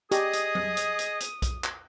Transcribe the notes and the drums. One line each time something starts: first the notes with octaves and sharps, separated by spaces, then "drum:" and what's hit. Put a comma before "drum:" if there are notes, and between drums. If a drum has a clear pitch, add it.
G4 G#4 D#5 D#6, drum: hi-hat
drum: hi-hat
drum: tom F#3
drum: hi-hat
drum: hi-hat
drum: hi-hat
drum: kick B1, hi-hat
drum: clap